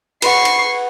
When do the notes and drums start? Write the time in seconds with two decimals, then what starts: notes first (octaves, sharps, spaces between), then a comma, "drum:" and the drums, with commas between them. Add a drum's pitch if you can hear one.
0.22 B4 F#5 C#6 C7, drum: cymbal
0.45 drum: cymbal